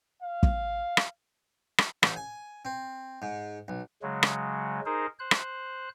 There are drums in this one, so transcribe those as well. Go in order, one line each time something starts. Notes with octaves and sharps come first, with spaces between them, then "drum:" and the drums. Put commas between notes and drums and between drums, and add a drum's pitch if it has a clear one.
F5
drum: kick
drum: rim click
drum: rim click
A1, drum: rim click
G#5
C4
G#2
B1
C#3 F#3 G#3
drum: rim click
D#4 G#4 A#4 C5
C5 F#6
drum: rim click